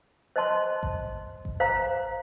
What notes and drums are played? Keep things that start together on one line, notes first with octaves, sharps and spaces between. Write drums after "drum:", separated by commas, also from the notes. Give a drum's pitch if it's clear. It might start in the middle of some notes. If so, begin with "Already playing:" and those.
C5 D#5 A5 C6
drum: kick A1
drum: kick A1
C5 F5 A#5